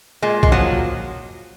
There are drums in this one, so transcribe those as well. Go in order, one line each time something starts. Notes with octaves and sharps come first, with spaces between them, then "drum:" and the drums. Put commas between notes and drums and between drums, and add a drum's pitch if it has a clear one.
A#2 G#3
G#3, drum: kick
F3 F#3